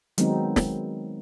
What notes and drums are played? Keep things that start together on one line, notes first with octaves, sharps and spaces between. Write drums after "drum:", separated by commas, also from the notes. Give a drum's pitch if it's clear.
D#3 F#3 G#3 B3 C4 D#4, drum: hi-hat
drum: snare